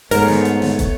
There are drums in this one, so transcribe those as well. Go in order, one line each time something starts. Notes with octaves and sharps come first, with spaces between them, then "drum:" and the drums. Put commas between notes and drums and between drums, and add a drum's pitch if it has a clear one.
G#2 A3 B3 A#4 C#5, drum: open hi-hat
drum: snare
drum: hi-hat
drum: snare
drum: kick, hi-hat